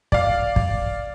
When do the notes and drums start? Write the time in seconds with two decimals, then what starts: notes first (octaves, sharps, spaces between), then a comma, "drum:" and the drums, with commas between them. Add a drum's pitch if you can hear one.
0.12 D5 F5, drum: kick
0.56 drum: kick